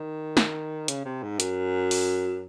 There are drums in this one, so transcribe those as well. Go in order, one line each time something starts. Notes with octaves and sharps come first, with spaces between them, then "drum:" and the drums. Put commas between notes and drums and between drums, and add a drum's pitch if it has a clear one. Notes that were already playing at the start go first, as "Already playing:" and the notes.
Already playing: D#3
drum: snare
C#3, drum: hi-hat
C3
G#2
F#2, drum: hi-hat
drum: open hi-hat